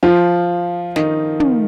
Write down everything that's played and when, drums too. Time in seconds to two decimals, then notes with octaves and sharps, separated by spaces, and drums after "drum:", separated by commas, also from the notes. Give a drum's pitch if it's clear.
0.03 F3 F4
0.96 D#3 D#4, drum: snare
1.40 drum: tom